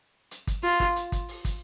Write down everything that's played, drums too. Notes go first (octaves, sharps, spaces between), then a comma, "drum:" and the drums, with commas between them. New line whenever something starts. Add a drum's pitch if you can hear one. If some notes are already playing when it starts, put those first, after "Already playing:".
drum: hi-hat
drum: kick, hi-hat
F4, drum: open hi-hat
drum: kick
drum: hi-hat
drum: kick, hi-hat
drum: open hi-hat
drum: kick, hi-hat